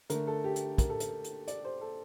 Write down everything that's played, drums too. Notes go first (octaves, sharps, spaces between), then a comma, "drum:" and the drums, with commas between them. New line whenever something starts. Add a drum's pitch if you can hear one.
D3 A3 A#4, drum: hi-hat
A4
G4
drum: hi-hat
A#4, drum: kick, hi-hat
A4
A#4, drum: hi-hat
drum: hi-hat
D5, drum: hi-hat
C5
A4